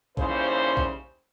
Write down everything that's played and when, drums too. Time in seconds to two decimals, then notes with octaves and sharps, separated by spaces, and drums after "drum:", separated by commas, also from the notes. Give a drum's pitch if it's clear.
0.17 D#2 C#3 G3 E4 C5, drum: kick A#1
0.77 drum: kick A#1